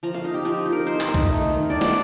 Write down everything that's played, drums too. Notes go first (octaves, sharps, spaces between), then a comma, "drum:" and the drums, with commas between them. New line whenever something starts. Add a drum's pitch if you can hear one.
F3 A#5
F5
D#4 D#5
G4
F3 G4
D#4
A#4
D#4 C5
C5, drum: clap
D#4
D#5, drum: kick
A3
D#3
D4 D5
drum: snare